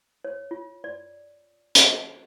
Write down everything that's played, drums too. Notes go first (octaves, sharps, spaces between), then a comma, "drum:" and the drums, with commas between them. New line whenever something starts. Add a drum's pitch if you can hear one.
C#5
F4
D5
drum: hi-hat